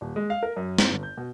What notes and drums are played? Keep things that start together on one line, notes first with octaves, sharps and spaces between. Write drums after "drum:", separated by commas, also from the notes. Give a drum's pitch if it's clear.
D#1
G#3
F5
A#4
F#2
C4, drum: snare
G1
G6
B2